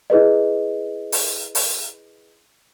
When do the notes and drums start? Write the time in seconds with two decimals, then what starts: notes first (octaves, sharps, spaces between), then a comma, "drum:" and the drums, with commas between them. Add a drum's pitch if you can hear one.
0.10 E4 G#4 B4 D#5
1.12 drum: open hi-hat
1.55 drum: open hi-hat